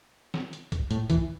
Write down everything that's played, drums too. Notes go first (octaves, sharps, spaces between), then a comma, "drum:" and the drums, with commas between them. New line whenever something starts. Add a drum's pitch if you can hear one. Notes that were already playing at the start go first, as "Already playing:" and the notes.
drum: snare
drum: hi-hat
drum: kick, hi-hat
A2, drum: hi-hat
E3, drum: kick, hi-hat